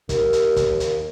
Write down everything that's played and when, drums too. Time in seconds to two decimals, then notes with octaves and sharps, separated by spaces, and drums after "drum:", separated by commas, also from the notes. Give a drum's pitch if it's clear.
0.09 D#2, drum: kick, hi-hat
0.33 drum: hi-hat
0.56 drum: kick, hi-hat
0.80 drum: hi-hat